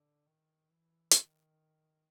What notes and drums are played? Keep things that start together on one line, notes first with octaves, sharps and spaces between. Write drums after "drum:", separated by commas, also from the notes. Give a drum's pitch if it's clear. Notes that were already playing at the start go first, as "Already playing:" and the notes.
Already playing: D3
D#3
E3
D#3, drum: hi-hat